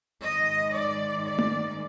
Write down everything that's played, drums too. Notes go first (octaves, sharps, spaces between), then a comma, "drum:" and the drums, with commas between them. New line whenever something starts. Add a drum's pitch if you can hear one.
G#2 D#3 G#3 D#5
D5
D5
drum: tom A3